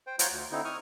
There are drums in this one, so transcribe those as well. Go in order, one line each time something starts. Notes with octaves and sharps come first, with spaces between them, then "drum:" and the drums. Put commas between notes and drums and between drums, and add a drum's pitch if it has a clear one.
C5 G5
F4 C5 C#5 F#5 A#5, drum: hi-hat
D2
D3 C4 D#4 E4
C#6 D#6 F6